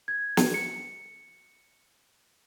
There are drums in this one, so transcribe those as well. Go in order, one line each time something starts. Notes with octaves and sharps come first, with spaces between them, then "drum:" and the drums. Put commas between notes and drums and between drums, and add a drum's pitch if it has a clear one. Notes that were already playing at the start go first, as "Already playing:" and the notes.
G#6
drum: snare
C#7